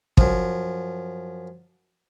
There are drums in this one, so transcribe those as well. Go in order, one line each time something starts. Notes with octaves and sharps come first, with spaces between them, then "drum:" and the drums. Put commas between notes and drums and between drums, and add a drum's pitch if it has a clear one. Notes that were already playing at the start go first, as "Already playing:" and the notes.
F#2 F3, drum: kick